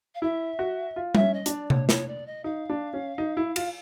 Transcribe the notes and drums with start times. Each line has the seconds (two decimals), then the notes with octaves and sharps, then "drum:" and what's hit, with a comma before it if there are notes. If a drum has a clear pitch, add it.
0.15 F5
0.22 E4 E5
0.59 F#4
0.96 F4
1.15 E5, drum: tom G3
1.20 C#4
1.33 D#5
1.46 D4, drum: hi-hat
1.52 D5
1.70 C#5, drum: tom C3
1.89 C#5, drum: snare
2.07 D5
2.26 D#5
2.44 D#4 F5
2.70 D4
2.94 C#4
3.18 D#4
3.37 E4
3.56 F4, drum: cymbal